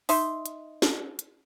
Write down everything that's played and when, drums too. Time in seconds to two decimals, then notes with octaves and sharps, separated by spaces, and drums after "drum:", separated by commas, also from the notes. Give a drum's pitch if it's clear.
0.09 D#4 E5 C6, drum: open hi-hat
0.46 drum: hi-hat
0.82 drum: snare
1.19 drum: hi-hat